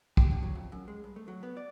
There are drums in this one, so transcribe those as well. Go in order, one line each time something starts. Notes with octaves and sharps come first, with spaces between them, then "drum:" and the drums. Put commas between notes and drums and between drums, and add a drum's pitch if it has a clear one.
G4, drum: kick
D3
F#3
F2
F#2
G#3
G2
A3
F#3
B3
D5